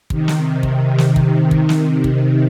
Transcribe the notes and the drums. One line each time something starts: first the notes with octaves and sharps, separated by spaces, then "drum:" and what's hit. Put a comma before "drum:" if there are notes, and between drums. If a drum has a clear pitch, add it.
C3 D#3, drum: kick
drum: snare
drum: kick
drum: snare
drum: kick
drum: kick
drum: snare
drum: kick